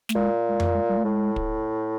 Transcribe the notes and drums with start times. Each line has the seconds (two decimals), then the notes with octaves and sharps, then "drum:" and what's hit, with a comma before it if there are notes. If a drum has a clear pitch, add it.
0.09 A3, drum: snare
0.15 A#2 G#3
0.49 G#3
0.60 A3, drum: tom F2
0.74 G#3
0.89 G3
0.97 A3
1.04 A2 G#3
1.36 drum: kick